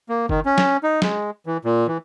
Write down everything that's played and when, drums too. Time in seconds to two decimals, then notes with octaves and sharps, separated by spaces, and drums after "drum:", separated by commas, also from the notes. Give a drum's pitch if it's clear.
0.09 A#3
0.29 D#3, drum: kick G1
0.45 C#4
0.58 drum: snare
0.83 D#4
1.02 G#3, drum: snare
1.46 E3
1.65 A#2
1.87 E3